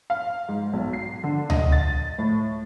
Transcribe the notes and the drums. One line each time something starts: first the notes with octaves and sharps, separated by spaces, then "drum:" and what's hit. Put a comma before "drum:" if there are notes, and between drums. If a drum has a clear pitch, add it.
F5
G#2
B1
C7
D3
D#5, drum: tom C#2
A6
A2